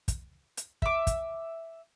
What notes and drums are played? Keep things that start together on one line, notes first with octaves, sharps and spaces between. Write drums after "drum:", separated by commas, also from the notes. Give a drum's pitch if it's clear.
drum: kick, hi-hat
drum: hi-hat
E5 D6, drum: kick
drum: kick, hi-hat